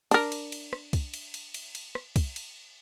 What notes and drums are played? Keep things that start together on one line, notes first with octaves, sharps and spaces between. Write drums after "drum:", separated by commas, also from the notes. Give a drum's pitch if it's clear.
D4 A#4, drum: cymbal
drum: cymbal
drum: cymbal
drum: rim click
drum: kick, cymbal
drum: cymbal
drum: cymbal
drum: cymbal
drum: cymbal
drum: rim click
drum: kick, cymbal
drum: cymbal